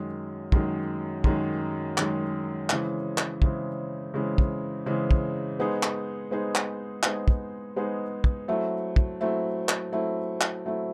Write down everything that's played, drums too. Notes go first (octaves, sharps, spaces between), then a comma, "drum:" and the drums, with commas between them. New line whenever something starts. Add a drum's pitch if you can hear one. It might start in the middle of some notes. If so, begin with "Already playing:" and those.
Already playing: F#2 D#3 G#3
F#2 D#3 G#3, drum: kick
F#2 D#3 G#3, drum: kick
F#2 D#3 G#3, drum: clap
C#3 E3 G#3 C4, drum: clap
drum: clap
C#3 E3 G#3 C4, drum: kick
C#3 E3 G#3 C4
drum: kick
C#3 E3 G#3 C4
drum: kick
G#3 B3 D#4 G#4 C5
drum: clap
G#3 B3 D#4 G#4 C5
drum: clap
G#3 B3 D#4 G#4 C5, drum: clap
drum: kick
G#3 B3 D#4 G#4 C5
drum: kick
F#3 A3 C4 E4
drum: kick
F#3 A3 C4 E4
drum: clap
F#3 A3 C4 E4
drum: clap
F#3 A3 C4 E4